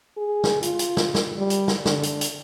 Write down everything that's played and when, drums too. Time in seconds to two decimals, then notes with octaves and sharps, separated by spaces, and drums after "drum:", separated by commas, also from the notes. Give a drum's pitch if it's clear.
0.17 G#4
0.44 drum: snare
0.63 F4, drum: hi-hat
0.79 drum: hi-hat
0.97 drum: snare
1.15 drum: snare
1.38 G3
1.50 drum: hi-hat
1.68 drum: snare
1.86 D3, drum: snare
2.03 drum: hi-hat
2.21 drum: hi-hat